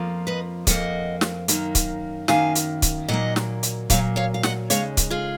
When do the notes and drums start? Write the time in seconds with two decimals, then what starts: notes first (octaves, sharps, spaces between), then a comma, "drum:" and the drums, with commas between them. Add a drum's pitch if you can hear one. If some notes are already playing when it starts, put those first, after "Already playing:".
Already playing: F2 F3 A#3
0.27 B4 D#5
0.67 F2 F3 A#3 D#5 F#5, drum: kick C#1, hi-hat
1.21 drum: snare
1.48 F#2 D#3 A#3, drum: hi-hat
1.75 drum: kick C#1, hi-hat
2.28 F#2 D#3 A#3 F5 G#5, drum: snare
2.55 drum: hi-hat
2.82 drum: kick C#1, hi-hat
3.09 A#2 F#3 A#3 D#5 F#5
3.36 drum: snare
3.63 drum: hi-hat
3.90 A#2 F#3 A#3 C#5 F5, drum: kick C#1, hi-hat
4.16 C#5 F5
4.34 F5
4.43 D#5 F#5, drum: snare
4.70 D#2 C#3 G#3 C#5 F5, drum: hi-hat
4.97 drum: kick C#1, hi-hat
5.10 F4 G#4